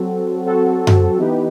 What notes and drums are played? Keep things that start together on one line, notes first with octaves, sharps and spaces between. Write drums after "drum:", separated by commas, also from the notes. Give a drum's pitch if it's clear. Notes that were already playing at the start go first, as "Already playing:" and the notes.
Already playing: F#3 C4 F#4 A4
F#3 C4 F#4 A4
drum: tom F#2
E3 B3 D#4 G4 B4